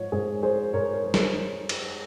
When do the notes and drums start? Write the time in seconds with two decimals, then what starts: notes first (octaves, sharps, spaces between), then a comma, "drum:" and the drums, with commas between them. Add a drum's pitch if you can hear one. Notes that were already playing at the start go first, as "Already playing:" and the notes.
Already playing: G#2 F3 C#5
0.12 G#2 G#4 C5
0.43 F3 G#4 C5
0.73 G#2 A#4 C#5
0.93 A#4 C#5
1.04 F3
1.14 A#4 C#5, drum: snare
1.69 drum: cymbal